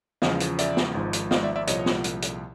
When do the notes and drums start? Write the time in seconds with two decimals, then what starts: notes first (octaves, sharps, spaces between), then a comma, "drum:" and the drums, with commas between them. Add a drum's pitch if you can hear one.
0.22 E2 C#3 F3 D#5 F5, drum: snare
0.40 drum: hi-hat
0.58 D5 E5, drum: hi-hat
0.77 drum: snare
0.95 G#1 G#2 F3
1.13 drum: hi-hat
1.31 D#5 F5, drum: snare
1.43 D5 E5
1.56 D5 E5
1.67 C2 A#2 F3 C#5 D#5, drum: hi-hat
1.86 drum: snare
2.04 drum: hi-hat
2.22 drum: hi-hat